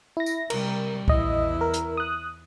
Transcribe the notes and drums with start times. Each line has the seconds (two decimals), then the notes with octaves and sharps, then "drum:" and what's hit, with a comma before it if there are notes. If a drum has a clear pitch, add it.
0.17 E4 A#6
0.26 drum: tambourine
0.50 C3 G3 A#4, drum: cymbal
1.08 A#1 E2 E4 D#5, drum: kick C2
1.61 A#4
1.74 drum: hi-hat
1.97 D#6 F#6